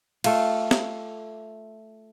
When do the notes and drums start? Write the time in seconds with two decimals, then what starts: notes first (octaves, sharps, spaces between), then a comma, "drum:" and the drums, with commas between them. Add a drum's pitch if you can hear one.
0.24 A3 F4, drum: cymbal
0.71 drum: snare